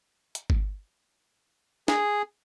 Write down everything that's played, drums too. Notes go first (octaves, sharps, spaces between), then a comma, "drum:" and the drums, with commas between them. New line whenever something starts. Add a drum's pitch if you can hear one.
drum: hi-hat
drum: kick G1
G#4, drum: snare